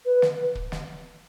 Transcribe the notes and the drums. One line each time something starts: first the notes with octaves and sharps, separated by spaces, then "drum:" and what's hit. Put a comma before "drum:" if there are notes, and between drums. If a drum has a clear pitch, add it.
B4
drum: snare
drum: kick
drum: snare